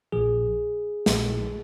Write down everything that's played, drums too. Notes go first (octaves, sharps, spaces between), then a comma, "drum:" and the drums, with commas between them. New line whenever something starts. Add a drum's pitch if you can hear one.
A#1 A#2 F3 G#4
A#1 A#2 F3, drum: snare